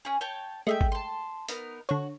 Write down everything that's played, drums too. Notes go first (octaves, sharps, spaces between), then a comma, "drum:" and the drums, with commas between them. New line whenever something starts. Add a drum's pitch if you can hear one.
C#4 G#4
C#5 G5 A5 G6
G#3 A3 G#4 E5 G5
drum: kick G#1
A5 C6
B3 D#4 A#4, drum: hi-hat
D3 F#4 C#5